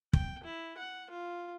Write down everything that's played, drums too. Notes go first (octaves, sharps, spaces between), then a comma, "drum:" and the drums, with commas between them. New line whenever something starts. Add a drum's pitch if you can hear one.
G5, drum: kick
E4
F#5
F4